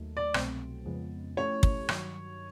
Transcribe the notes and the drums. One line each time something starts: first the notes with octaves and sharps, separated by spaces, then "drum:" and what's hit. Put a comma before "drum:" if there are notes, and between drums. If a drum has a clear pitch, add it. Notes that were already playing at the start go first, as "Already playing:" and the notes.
Already playing: D#2 D#3 F#3 A3
D5
C2 B2 F#3 A3 C4, drum: rim click
F2 C#3 F3 G#3 B3
F3 A3 C#4 E4 G4 C#5
drum: kick
G2 D#3 F#3, drum: rim click